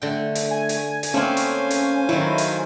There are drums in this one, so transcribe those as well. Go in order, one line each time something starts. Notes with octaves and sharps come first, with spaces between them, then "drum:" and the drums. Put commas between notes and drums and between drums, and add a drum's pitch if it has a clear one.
D3 A3 G5
drum: hi-hat
G#5
drum: hi-hat
drum: hi-hat
A3 A#3 C4 C#4 C5 F5 G#5
drum: hi-hat
drum: hi-hat
D#3 F#3 E4
drum: hi-hat